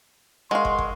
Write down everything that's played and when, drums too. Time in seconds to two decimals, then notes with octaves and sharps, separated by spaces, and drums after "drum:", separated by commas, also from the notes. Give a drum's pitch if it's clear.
0.51 G#3 A#4 F5 F#5 C6 C#6
0.65 drum: kick
0.79 drum: kick